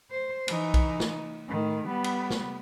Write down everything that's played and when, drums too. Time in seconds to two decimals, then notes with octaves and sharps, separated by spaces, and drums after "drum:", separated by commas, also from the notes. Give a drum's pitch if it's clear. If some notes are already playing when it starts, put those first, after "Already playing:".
0.11 C5
0.48 E3 D#4, drum: cymbal
0.74 drum: kick B1, cymbal
1.00 drum: snare
1.48 A2 D#3
1.85 G3 B3
2.04 drum: cymbal
2.30 drum: snare